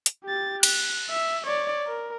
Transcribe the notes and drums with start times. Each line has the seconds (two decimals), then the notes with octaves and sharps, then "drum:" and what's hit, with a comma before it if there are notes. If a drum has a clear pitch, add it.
0.06 drum: hi-hat
0.25 G4 A6
0.63 F#6, drum: cymbal
1.10 E5
1.47 C#5 D5
1.87 A#4